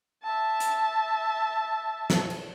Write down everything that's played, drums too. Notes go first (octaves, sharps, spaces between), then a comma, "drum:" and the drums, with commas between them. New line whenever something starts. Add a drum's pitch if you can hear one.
E5 A5
drum: hi-hat
drum: snare
drum: cymbal